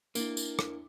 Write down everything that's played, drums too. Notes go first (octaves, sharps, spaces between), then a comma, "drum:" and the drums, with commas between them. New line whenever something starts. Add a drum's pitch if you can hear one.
A#3 D4 E4, drum: tambourine
drum: tambourine
drum: rim click